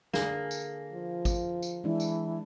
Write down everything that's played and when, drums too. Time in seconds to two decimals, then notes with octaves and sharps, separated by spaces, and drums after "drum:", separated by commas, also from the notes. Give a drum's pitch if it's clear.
0.14 D3 A#3 D4 G#4, drum: snare
0.51 drum: tambourine
0.93 F3
1.25 drum: kick G#1, tambourine
1.63 drum: tambourine
1.84 E3 G#3 D4 E4
2.00 drum: tambourine